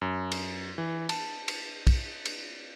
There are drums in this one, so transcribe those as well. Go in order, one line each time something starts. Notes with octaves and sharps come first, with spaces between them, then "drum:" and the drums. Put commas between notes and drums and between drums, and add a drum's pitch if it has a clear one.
F#2
drum: cymbal
E3
A5, drum: cymbal
drum: cymbal
drum: kick, cymbal
drum: cymbal